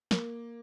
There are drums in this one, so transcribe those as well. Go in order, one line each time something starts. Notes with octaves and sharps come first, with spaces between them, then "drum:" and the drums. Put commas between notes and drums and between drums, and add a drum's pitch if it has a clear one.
A#3, drum: snare